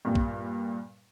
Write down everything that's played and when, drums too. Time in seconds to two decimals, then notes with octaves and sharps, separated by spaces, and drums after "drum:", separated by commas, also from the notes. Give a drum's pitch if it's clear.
0.05 G2 A#2 G3
0.15 drum: kick